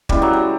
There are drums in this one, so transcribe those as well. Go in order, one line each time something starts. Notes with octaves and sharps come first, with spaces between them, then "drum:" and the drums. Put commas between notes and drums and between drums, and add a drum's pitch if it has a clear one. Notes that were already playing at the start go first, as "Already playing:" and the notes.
C#3 E3 G3 G#3 B3 E4, drum: kick
F#3
G3